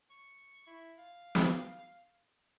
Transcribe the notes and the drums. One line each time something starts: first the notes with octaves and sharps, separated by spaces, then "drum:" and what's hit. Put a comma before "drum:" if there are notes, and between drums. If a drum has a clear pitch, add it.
C#6
E4
F5
drum: snare